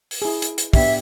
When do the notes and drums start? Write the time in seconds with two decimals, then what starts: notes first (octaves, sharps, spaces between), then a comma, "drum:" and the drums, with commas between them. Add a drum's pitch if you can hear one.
0.11 drum: open hi-hat
0.22 E4 G#4
0.42 drum: hi-hat
0.58 drum: hi-hat
0.73 B3 D4 G4 E5, drum: kick, open hi-hat